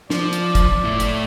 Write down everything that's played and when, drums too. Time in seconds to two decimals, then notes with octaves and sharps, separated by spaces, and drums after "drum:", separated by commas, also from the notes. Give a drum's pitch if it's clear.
0.10 F3 D5, drum: snare
0.33 drum: hi-hat
0.55 drum: kick, hi-hat
0.84 A2 E4
1.00 drum: hi-hat